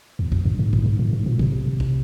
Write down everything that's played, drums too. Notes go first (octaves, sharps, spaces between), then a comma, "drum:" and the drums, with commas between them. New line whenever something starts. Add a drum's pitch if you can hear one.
E2
F2, drum: kick B1
G2
G#2
A2, drum: kick B1
G#2
A2
G#2
A#2
C3, drum: kick B1
drum: kick B1